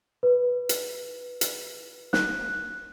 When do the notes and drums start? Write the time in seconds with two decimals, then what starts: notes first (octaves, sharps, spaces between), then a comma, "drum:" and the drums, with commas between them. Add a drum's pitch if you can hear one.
0.23 B4
0.69 drum: hi-hat
1.41 drum: hi-hat
2.13 F#6, drum: snare